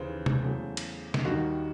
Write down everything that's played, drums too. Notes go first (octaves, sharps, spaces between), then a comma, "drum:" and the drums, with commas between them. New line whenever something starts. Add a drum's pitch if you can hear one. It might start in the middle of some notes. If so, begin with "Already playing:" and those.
Already playing: D#2 C#3 E3 C5
drum: tom C3
E2 C#3 F#3 A3
drum: cymbal
drum: snare
D#2 D#3 G3 A#3 F#4